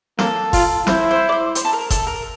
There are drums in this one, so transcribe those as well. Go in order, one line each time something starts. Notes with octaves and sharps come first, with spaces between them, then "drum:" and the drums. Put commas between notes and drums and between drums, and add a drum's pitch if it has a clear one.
A#3 A4, drum: snare
F4, drum: kick F#1, open hi-hat
E4 C5, drum: snare
C5
D5
C5
C5, drum: hi-hat
A4
A#4
A4, drum: kick F#1, hi-hat
A#4